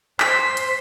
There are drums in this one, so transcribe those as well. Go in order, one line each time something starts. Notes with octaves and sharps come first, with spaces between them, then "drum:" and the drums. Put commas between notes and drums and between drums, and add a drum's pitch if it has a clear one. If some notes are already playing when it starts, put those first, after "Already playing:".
C5 B6, drum: clap
drum: hi-hat